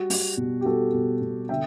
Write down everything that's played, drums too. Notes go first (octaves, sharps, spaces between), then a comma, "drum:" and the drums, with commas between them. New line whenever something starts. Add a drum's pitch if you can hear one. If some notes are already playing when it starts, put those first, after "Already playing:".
Already playing: G3 F#4
G3, drum: open hi-hat
B2
G4
G3 F#4 A4
B2
B2
D3 E5 G5